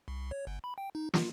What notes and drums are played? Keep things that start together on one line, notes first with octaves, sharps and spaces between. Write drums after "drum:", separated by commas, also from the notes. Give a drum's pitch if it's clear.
C2
C#5
G1
B5
G5
D#4
F4, drum: snare